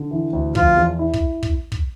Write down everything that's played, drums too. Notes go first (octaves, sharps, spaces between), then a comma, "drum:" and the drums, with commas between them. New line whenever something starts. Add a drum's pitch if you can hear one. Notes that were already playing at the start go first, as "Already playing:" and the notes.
Already playing: D3
E3
D2
F3 F4, drum: kick
E2
E4
drum: kick
drum: kick
drum: kick